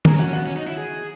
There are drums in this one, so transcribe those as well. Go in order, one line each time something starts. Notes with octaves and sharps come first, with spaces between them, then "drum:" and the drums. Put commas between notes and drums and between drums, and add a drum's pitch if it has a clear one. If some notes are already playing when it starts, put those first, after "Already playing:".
G#4 A#4 A#5, drum: tom
C#4
F#4 F#5
C#4
B3 F#4 F#5
C#4
D#4
E4
G#4